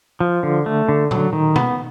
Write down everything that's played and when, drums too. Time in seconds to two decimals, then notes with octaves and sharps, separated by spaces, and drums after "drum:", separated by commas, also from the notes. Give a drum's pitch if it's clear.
0.20 F3
0.43 D3
0.66 A3
0.89 D3
1.11 F#3, drum: tom A#2
1.33 D#3
1.56 B3, drum: tom B2